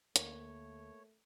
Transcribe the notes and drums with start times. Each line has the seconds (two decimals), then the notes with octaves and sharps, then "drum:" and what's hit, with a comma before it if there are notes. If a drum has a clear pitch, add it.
0.16 D2 A3 A#3 C#5, drum: hi-hat